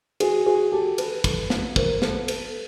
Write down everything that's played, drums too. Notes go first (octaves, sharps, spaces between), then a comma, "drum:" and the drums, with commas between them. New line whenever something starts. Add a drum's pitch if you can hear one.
F#4 G#4, drum: cymbal
F#4 G#4
G4 A4
A4 B4, drum: cymbal
drum: kick, cymbal
drum: snare
A#4 C5, drum: kick
A4 B4, drum: snare
A4 B4, drum: cymbal